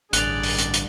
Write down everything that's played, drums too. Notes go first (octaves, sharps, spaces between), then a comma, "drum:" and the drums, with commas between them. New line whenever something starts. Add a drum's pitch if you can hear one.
A1 G2 D3 D4 G#4 D5 F#6 F7, drum: hi-hat
drum: open hi-hat
drum: hi-hat
drum: hi-hat